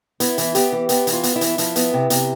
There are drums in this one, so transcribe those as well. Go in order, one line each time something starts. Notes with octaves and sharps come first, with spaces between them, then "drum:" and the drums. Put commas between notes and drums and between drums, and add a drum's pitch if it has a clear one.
B3 E4, drum: hi-hat
E3, drum: hi-hat
B3 G4, drum: hi-hat
E3
B3 G4, drum: hi-hat
E3, drum: hi-hat
F4
B3, drum: hi-hat
E4
E3, drum: hi-hat
F3 E4, drum: hi-hat
B3, drum: hi-hat
C3
C3, drum: hi-hat